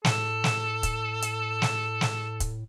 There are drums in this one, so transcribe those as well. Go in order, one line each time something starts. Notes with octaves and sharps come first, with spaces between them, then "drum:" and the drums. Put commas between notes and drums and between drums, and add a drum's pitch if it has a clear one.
A2 A4, drum: snare
drum: snare
drum: kick, hi-hat
drum: hi-hat
drum: snare
drum: snare
drum: kick, hi-hat